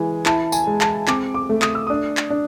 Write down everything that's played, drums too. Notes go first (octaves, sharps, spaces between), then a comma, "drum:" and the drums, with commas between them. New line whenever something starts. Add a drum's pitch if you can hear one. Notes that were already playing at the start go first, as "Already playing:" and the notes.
Already playing: E3 G#3 G#5
E4 A5, drum: clap
G#5, drum: tambourine
G#3
A5, drum: clap
C4 D6, drum: clap
D6
A3
D#6, drum: clap
E6
D4 D#6
drum: clap
D4